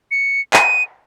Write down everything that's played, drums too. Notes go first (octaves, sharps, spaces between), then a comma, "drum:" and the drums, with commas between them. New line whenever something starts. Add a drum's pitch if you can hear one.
C#7
D#7, drum: clap